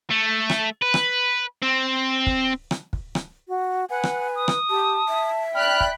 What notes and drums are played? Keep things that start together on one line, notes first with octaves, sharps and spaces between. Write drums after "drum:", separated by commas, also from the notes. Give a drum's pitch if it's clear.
A3
drum: rim click
B4
drum: rim click
C4
drum: kick
drum: rim click
drum: kick
drum: rim click
F#4
B4 F#5 G#5
drum: rim click
D#6
drum: rim click
G4 A5
E5
D5 G5 B5 F6 F#6
drum: kick